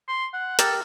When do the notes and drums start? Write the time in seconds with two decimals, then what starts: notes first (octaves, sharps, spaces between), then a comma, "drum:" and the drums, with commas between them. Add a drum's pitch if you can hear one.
0.08 C6
0.33 F#5
0.59 G4 A4 A#4, drum: hi-hat